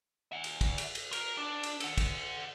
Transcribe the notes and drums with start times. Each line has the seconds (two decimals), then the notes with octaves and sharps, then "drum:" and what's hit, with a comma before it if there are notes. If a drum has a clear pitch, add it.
0.32 E5 F#5
0.44 drum: cymbal
0.61 drum: kick, cymbal
0.78 drum: cymbal
0.95 drum: cymbal
1.13 A#4, drum: cymbal
1.37 D4
1.63 drum: cymbal
1.80 A4 F#5, drum: cymbal
1.98 drum: kick, cymbal